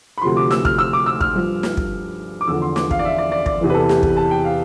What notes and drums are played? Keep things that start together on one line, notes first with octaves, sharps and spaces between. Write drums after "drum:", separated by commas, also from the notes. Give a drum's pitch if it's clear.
B5
D2 C3 F3 C6
D6
E6, drum: snare
F6, drum: kick
E6
D6
E6
F6, drum: kick
G2 F3
drum: snare
drum: kick
D6
E2 D3 F3 E6
C6
D6, drum: snare
F5, drum: kick
D5
E5
D5
D5
D5, drum: kick
E2 C3 E3
B4
A4
G4, drum: snare
drum: kick
A5
G5
F5